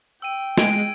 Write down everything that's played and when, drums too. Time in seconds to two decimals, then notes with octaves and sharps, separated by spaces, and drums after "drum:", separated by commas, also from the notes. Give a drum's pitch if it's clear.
0.22 G5 E6 D#7
0.57 G#3 G#6 D7, drum: snare